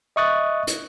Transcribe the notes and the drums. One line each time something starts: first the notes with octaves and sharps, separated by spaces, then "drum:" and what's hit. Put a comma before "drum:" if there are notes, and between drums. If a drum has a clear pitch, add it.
D#5 E5 C#6 D#6 F#6 A6
drum: hi-hat